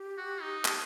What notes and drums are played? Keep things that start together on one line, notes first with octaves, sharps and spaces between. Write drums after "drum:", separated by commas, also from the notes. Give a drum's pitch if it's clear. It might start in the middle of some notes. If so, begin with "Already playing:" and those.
Already playing: G4
F#4
D#4
drum: clap